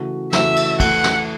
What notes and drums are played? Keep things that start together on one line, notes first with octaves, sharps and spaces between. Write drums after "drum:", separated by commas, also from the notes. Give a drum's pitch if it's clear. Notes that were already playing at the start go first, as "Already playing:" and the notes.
Already playing: C#3 E3 A3 F#4
C#3 E3 A3 F#4 E5, drum: snare
drum: cymbal
E3 A3 E4 A4 F#5, drum: kick, cymbal
drum: snare